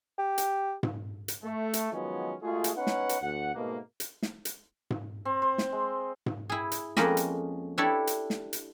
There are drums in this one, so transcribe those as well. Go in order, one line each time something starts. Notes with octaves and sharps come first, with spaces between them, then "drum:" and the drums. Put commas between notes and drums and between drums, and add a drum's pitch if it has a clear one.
G4
drum: hi-hat
drum: tom G#2
drum: hi-hat
A3
drum: hi-hat
D#3 F3 F#3 G#3 B3 C#4
G#3 A3 F4 F#4 G#4
drum: hi-hat
B3 C#4 D#4 B4 F#5
drum: snare
drum: hi-hat
D2 F#5
G#2 B2 A3 A#3
drum: hi-hat
drum: snare
drum: hi-hat
drum: tom G#2
C4
C5
drum: snare
G#3
drum: tom G#2
E4 G#4
drum: hi-hat
F2 G#3 A#3 C#4 D#5 B5, drum: snare
drum: hi-hat
D4 E4 G4 A4 C#5
drum: hi-hat
drum: snare
drum: hi-hat